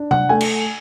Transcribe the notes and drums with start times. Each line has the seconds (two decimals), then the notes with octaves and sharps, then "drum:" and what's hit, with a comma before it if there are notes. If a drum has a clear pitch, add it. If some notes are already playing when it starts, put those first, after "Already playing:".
Already playing: D4
0.11 F#5, drum: tom C3
0.29 A3 G#5
0.41 drum: cymbal